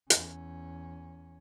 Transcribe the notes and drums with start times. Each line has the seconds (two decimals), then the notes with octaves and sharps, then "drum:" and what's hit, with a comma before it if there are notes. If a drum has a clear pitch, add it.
0.10 E2 C#4, drum: hi-hat